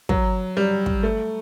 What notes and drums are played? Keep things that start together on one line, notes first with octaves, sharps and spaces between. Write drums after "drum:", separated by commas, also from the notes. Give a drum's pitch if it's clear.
F#3, drum: kick
G3
drum: kick
A3